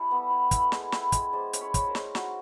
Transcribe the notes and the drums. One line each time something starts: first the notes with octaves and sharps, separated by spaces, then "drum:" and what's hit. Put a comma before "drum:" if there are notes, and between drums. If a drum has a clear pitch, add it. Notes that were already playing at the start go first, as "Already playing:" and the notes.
Already playing: G3 E4 G4 A4
B3
E4
E4, drum: kick, hi-hat
G#3, drum: snare
E4, drum: snare
G#3, drum: kick, hi-hat
G#3 C5 D5
C#4, drum: hi-hat
B4 C#5
C#4, drum: kick, hi-hat
A#4 C5
G#3, drum: snare
D#4 F#4, drum: snare